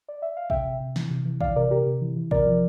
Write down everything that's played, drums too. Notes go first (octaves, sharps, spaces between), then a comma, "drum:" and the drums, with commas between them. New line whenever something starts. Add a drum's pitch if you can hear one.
D5
E5
F5
C3 E5 G5, drum: kick A1
C3
C3
E3, drum: snare
C3
E3
E3 D5 F5, drum: kick A1
C3 A#4 D5
C3 G4 A#4
C3
E3
E3
C3 A#4 D5, drum: kick A1
F3